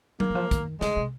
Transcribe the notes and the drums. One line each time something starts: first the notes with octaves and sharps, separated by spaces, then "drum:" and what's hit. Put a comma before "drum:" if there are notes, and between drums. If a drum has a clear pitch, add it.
D#3 A#3, drum: tom F#3
D#3
F3
D#3, drum: kick, hi-hat
C#3 G#3, drum: snare
C3